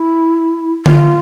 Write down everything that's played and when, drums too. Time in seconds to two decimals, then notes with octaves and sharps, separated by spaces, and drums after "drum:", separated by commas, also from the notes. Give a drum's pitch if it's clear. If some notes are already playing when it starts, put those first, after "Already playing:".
Already playing: E4
0.86 F4, drum: tom D3